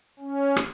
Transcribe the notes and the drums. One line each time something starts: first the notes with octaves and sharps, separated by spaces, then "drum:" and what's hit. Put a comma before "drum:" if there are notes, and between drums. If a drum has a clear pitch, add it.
C#4
drum: rim click